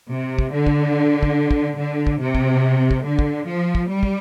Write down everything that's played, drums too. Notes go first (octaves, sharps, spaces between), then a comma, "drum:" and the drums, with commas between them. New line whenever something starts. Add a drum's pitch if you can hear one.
C3
drum: kick
D3
drum: kick
drum: kick
drum: kick
D3
drum: kick
C3
drum: kick
drum: kick
D3
drum: kick
F3
drum: kick
G3
drum: kick